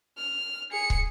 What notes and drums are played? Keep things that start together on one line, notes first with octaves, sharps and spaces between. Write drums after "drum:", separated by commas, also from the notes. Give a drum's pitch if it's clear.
F6
G#4 C#7
drum: kick